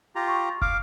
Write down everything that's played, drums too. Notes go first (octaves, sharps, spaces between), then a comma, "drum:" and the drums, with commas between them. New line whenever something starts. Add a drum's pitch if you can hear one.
F4 G4 A#5
C#6
F5 D6 F6, drum: kick